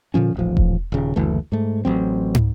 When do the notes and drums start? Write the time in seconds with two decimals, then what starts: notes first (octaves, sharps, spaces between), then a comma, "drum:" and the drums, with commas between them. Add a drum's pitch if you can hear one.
0.14 A#2 D3 F3 C#4
0.34 D#1 A1 F3
0.57 drum: kick E1
0.92 D#1 C#3
1.16 F#1 D2 E3 A3
1.52 G#2 A3
1.85 A1 F#3 C4
2.35 drum: tom